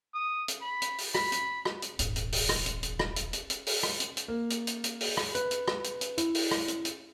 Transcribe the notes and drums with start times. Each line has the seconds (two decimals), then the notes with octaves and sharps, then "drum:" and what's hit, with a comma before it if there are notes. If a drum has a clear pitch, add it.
0.14 D#6
0.48 drum: hi-hat
0.62 B5
0.82 drum: hi-hat
0.98 drum: open hi-hat
1.15 B5, drum: rim click
1.32 drum: hi-hat
1.65 drum: rim click
1.82 drum: hi-hat
1.99 D#1 G#1, drum: hi-hat
2.16 drum: hi-hat
2.32 drum: open hi-hat
2.49 drum: rim click
2.66 drum: hi-hat
2.83 drum: hi-hat
2.99 drum: rim click
3.16 drum: hi-hat
3.33 drum: hi-hat
3.50 drum: hi-hat
3.66 drum: open hi-hat
3.83 drum: rim click
4.00 drum: hi-hat
4.17 drum: hi-hat
4.28 A#3
4.50 drum: hi-hat
4.67 drum: hi-hat
4.84 drum: hi-hat
5.01 drum: open hi-hat
5.17 drum: rim click
5.35 B4, drum: hi-hat
5.51 drum: hi-hat
5.68 drum: rim click
5.84 drum: hi-hat
6.01 drum: hi-hat
6.18 E4, drum: hi-hat
6.35 drum: open hi-hat
6.51 drum: rim click
6.68 drum: hi-hat
6.85 drum: hi-hat